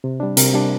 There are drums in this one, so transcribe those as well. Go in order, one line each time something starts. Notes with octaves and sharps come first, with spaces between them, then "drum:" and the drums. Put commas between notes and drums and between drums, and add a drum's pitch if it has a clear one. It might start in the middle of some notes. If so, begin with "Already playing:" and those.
C3
G3 D4
C3 A#4, drum: hi-hat
G3 D4